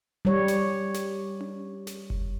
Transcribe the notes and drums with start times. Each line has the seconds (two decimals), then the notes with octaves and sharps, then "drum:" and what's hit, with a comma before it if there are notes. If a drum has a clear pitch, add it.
0.25 G3 C#5
0.48 drum: snare
0.94 drum: snare
1.41 drum: tom C#4
1.87 drum: snare
2.10 drum: kick F#1